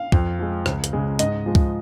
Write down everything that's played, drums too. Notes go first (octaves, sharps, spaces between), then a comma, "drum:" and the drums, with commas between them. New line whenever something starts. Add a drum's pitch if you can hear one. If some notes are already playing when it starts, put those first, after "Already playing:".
Already playing: F5
F2, drum: kick
F3 G#3
C#2, drum: rim click
drum: hi-hat
C#3 G#3
G#2 D#5, drum: hi-hat
F3 G#3
drum: kick